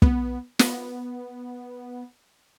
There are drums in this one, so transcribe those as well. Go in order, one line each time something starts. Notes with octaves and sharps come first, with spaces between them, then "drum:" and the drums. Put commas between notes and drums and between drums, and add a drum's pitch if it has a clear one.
B3, drum: kick
B3, drum: snare